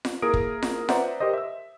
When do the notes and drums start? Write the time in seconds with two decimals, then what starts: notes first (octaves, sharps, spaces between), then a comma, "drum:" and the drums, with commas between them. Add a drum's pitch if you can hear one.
0.05 drum: snare F4
0.22 A#3 E4 G#4 A#4 D#6 D7
0.34 drum: kick
0.63 drum: snare F4
0.89 B4 C5 D5 E5 F#5 A#5, drum: snare F4
1.20 G4 A#4 C5 D#5
1.33 E5 E6